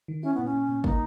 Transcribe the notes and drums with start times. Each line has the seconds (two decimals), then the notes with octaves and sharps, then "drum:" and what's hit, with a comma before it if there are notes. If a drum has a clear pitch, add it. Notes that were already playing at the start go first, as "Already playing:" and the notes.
0.08 D#3
0.23 C#4 E4
0.34 A#2 B3
0.45 C#4
0.53 A#2
0.69 A#2
0.84 A#3 D#4, drum: kick